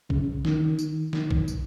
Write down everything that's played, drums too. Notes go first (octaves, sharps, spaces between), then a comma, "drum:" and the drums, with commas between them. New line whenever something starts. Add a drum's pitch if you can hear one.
C#3, drum: kick A#1
D#3, drum: snare
D#3, drum: tambourine
D#3, drum: snare
drum: kick A#1
drum: tambourine